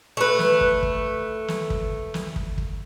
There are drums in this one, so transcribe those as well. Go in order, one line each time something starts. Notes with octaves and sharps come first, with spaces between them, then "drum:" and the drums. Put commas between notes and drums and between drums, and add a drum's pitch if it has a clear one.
A3 B4
drum: snare
drum: kick
drum: kick
drum: snare
drum: kick
drum: snare
drum: kick
drum: kick